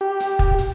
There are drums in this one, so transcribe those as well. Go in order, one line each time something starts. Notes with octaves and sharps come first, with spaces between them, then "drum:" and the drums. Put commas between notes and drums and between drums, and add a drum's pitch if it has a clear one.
G4
drum: hi-hat
drum: kick
drum: hi-hat